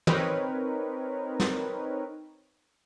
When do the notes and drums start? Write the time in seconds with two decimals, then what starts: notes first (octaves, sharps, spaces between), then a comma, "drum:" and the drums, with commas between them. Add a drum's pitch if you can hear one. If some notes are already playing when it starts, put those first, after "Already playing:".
0.07 C4 D#4 A#4 B4 C#5, drum: tom
1.40 drum: snare